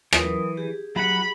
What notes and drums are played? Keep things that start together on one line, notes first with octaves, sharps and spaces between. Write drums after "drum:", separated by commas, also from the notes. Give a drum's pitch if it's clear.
E3 F#3 A#4 D#6, drum: rim click
G4 G#4
F#3 F#5 B5